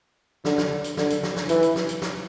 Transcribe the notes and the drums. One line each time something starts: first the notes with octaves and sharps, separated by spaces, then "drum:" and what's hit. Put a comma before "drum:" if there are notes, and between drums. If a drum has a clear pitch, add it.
D3, drum: snare
drum: snare
drum: hi-hat
D3, drum: snare
drum: hi-hat
drum: snare
drum: snare
E3, drum: hi-hat
drum: hi-hat
drum: snare
drum: hi-hat
drum: snare